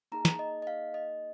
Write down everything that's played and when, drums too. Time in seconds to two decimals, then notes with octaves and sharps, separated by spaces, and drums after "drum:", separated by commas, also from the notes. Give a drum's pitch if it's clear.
0.12 A#3 D#4 G#4 A#5
0.25 drum: snare
0.39 D#5
0.62 D#5
0.67 F5
0.94 D#5